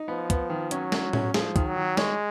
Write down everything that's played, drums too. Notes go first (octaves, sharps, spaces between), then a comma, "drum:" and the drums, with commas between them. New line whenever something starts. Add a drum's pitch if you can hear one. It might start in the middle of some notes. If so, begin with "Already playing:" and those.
Already playing: D#4
F3 B3
B3, drum: kick C#2, hi-hat
D#3
F#3 C#4, drum: hi-hat
C#4, drum: snare
C#4, drum: tom A2
F3 G#4, drum: snare
D#3, drum: kick C#2, hi-hat
F#3
D#3
G#3 C#5, drum: snare